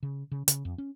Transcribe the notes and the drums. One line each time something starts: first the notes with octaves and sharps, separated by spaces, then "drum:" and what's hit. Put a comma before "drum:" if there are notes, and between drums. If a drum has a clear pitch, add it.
C#3
C#3
C#3, drum: hi-hat
F2
C#4